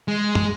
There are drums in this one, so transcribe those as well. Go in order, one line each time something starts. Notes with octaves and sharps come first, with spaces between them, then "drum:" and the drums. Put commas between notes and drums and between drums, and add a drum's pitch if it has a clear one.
G#3
drum: tom